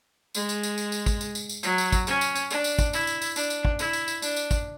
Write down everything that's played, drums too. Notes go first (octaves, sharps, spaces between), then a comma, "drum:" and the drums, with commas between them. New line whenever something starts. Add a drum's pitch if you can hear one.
G#3, drum: tambourine
drum: tambourine
drum: tambourine
drum: tambourine
drum: tambourine
drum: kick, tambourine
drum: tambourine
drum: tambourine
drum: tambourine
F#3, drum: tambourine
drum: tambourine
drum: kick, tambourine
C#4, drum: tambourine
drum: tambourine
drum: tambourine
D4, drum: tambourine
drum: tambourine
drum: kick, tambourine
E4, drum: tambourine
drum: tambourine
drum: tambourine
D4, drum: tambourine
drum: tambourine
drum: kick
E4, drum: tambourine
drum: tambourine
drum: tambourine
D4, drum: tambourine
drum: tambourine
drum: kick, tambourine